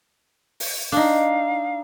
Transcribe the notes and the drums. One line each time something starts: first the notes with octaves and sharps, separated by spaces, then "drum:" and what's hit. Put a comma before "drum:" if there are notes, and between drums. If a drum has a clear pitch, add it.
drum: open hi-hat
D4 D#4 F5